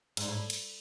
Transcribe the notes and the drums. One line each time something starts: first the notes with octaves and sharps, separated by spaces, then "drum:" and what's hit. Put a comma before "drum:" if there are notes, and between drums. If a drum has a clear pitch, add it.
G#2, drum: cymbal
A2
drum: cymbal